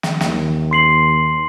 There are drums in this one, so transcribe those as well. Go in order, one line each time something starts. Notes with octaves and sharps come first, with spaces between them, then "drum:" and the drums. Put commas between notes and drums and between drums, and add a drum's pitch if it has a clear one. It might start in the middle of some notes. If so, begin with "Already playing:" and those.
drum: snare
D#2, drum: snare
C6 C7 F#7